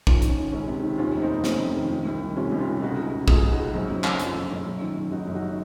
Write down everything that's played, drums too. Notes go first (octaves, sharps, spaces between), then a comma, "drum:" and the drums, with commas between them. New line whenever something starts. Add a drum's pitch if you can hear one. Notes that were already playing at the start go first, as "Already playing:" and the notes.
D#3 C#4 F4, drum: kick
D#3, drum: hi-hat
C#4
D#3
C#2 C#4
C3
D#3
D#2 C#4 F4
F1
C4 D#4
F1
F1 C#4, drum: snare
F1
D#3
D#3
C2
D#3
C3 C#4 F4
C2 D#4
C#4 F4
C3
C#3 D#4 F#4
C#2
C#3
C#2 F4 G#4, drum: kick
C#2
D#4 F#4
C#3
F#2 C4 D#4
F#2
F#1, drum: clap
F#1 C#4 F4, drum: hi-hat
F#1
F#1
F#2
D#3
F#2
F#1 D#4 F#4
F#2
D#4 F#4